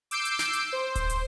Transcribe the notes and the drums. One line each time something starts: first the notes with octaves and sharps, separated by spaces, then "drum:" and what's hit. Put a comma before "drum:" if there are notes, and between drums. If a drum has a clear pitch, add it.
D6 E6 G6 C7 D7, drum: hi-hat
drum: hi-hat
drum: snare
drum: hi-hat
C5
drum: kick D1, hi-hat
drum: hi-hat